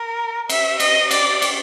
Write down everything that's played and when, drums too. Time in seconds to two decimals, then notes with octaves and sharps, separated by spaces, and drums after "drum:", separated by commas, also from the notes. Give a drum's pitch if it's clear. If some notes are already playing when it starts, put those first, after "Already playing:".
Already playing: A#4
0.49 E5, drum: cymbal
0.80 D#5, drum: cymbal
1.11 D5, drum: cymbal
1.42 drum: cymbal